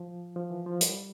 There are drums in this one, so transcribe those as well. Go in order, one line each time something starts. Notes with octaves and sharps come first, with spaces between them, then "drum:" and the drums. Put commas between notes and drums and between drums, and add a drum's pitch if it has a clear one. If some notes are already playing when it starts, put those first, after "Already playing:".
Already playing: F3
F3
E3
F3
G3, drum: hi-hat